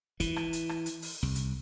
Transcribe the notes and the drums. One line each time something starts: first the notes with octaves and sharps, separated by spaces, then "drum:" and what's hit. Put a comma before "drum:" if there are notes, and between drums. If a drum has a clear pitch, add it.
E3, drum: kick, hi-hat
drum: rim click
drum: hi-hat
drum: rim click
drum: hi-hat
drum: open hi-hat
C2
drum: hi-hat